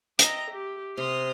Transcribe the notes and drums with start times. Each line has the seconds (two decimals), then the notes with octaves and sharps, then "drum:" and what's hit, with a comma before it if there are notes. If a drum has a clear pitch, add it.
0.19 D#5 E5 G5 A#5 A#6, drum: hi-hat
0.51 G4
0.97 C3 C6 D#6 F6